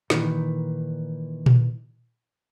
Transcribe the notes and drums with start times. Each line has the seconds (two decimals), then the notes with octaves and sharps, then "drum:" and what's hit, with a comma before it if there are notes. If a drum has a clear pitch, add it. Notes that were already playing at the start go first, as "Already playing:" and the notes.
0.10 A#2 D#3 E3, drum: snare
1.46 drum: tom A#2